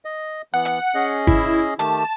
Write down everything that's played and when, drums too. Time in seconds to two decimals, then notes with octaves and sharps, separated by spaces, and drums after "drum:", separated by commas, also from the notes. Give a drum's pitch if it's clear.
0.05 D#5
0.54 E3 B3 F#5
0.65 drum: hi-hat
0.95 C#4 G#4 D#5
1.27 E4, drum: kick G1
1.79 D#3 A3 G4 A5, drum: hi-hat